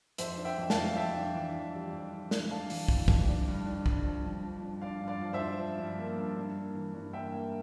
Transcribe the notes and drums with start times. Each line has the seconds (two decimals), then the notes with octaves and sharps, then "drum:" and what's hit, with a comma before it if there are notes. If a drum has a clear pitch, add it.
0.18 F2 C5 E5, drum: hi-hat
0.38 D4
0.45 E5 G5
0.58 F2
0.70 F5 A5, drum: snare
0.77 F2
0.96 F2 E5 G5
1.16 D4
1.35 E3
1.55 F2
1.74 G3
1.93 F2
2.12 D4
2.31 D4, drum: snare
2.50 D4 F5 A5
2.70 E3, drum: open hi-hat
2.88 E3, drum: kick
3.08 F2, drum: kick
3.28 D4
3.48 G2
3.66 D4
3.86 G2, drum: kick
4.05 F3
4.24 G2
4.44 F3
4.62 G2
4.82 D4 D5 F5
5.01 G2
5.08 D5 F5
5.21 F3
5.33 C5 E5
5.40 D4
5.59 F3
5.79 G2
5.99 A#3
6.17 G2
6.37 G2
6.56 A#3
6.75 E3
6.94 G2
7.13 A#3 E5 G5
7.33 A#3